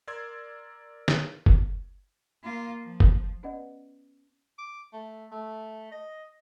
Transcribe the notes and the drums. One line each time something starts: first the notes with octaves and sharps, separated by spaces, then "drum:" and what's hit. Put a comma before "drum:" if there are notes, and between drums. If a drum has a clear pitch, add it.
A#4 D5 C6 E6 G#6
drum: snare
drum: kick F#1
A#3 F4
F3
drum: kick F#1
B3 C#4 B4 D5 D#5 F#5
D6
A3
A3
D#5